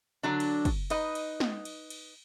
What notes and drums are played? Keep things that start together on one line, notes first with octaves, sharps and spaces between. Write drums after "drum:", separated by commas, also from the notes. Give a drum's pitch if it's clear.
D3 F#3 D4
drum: cymbal
drum: kick, cymbal
D#4 B4 D#5, drum: cymbal
drum: cymbal
drum: snare
drum: cymbal
drum: cymbal